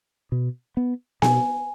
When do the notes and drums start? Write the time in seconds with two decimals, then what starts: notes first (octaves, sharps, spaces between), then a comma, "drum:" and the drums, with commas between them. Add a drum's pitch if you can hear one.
0.32 B2
0.77 B3
1.22 B2 G#5, drum: snare B3